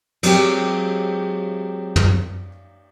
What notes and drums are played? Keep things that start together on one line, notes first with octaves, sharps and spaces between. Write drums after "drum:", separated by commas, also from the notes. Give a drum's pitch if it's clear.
F#3 G#3 C4 G4, drum: cymbal
drum: tom